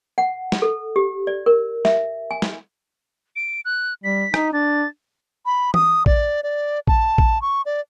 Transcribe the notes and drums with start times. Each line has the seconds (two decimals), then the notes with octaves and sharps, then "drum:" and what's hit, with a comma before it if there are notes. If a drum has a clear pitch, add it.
0.18 F#5
0.52 drum: snare
0.62 A4
0.96 G4
1.27 D5
1.46 A#4
1.85 E5, drum: snare
2.31 G#5
2.42 drum: snare
3.36 D7
3.65 F#6
4.04 G3 B6
4.34 D#4, drum: rim click
4.53 D4 A6
5.46 B5
5.74 D#6, drum: tom
6.06 D5, drum: kick A#1
6.43 D5
6.87 A5, drum: kick A#1
7.18 drum: kick A#1
7.42 C#6
7.66 D5